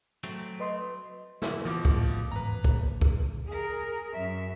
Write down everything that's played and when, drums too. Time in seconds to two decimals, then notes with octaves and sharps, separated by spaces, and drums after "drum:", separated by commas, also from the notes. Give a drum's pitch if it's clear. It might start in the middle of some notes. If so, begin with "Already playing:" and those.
0.24 F#3 A3 C4
0.60 B4 D#5 C6
1.42 drum: snare
1.65 B2 E3 F3 D6
1.85 A2, drum: kick
2.32 A1 E2 G#2 B4 A#5
2.64 A#2, drum: kick
3.01 drum: kick
3.47 G#4 A#4
4.13 F#2 E5